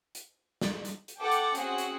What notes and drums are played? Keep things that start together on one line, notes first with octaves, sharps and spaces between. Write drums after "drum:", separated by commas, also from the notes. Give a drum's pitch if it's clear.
drum: hi-hat
drum: snare
drum: hi-hat
drum: hi-hat
A4 F#5 G5 D6
drum: hi-hat
C4 C#4 F#4 G#4 F#5 G5, drum: hi-hat
drum: hi-hat